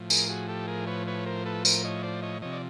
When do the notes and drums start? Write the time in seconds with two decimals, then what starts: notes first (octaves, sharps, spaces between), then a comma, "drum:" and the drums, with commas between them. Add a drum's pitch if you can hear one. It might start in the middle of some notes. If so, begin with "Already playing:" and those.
Already playing: A2 F3
0.10 G#4 A#4, drum: tambourine
0.29 F#4 G#4
0.49 G4 A4
0.68 G#4 A#4
0.87 B4 C#5
1.07 B4 C#5
1.26 A#4 C5
1.46 A4 B4
1.65 A#4 C5, drum: tambourine
1.84 C#5 D#5
2.03 C5 D5
2.22 C#5 D#5
2.42 C3 F3 C#5 D#5
2.52 D5